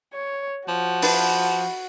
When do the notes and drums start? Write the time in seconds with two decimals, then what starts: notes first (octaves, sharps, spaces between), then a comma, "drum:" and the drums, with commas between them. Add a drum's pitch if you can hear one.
0.13 C#5
0.68 F3 F#4
1.02 D4 E4 B4, drum: open hi-hat